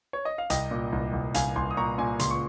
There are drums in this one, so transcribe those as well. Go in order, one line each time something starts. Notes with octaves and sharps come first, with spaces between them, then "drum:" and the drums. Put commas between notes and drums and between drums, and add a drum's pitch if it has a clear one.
C#5
D#5
F5
C2 D#5 G5, drum: hi-hat
A#2
C2
C2
C2 F5 G#5, drum: hi-hat
C2 G#5 C6
D#6
A#2 A#5 C#6
A#2 G#5 C6
C#2 C6, drum: hi-hat
C#6